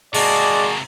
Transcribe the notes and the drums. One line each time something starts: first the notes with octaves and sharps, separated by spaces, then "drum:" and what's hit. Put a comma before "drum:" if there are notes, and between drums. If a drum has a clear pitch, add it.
C3 G#3 A#3 F#4 G#4 D5 A5, drum: open hi-hat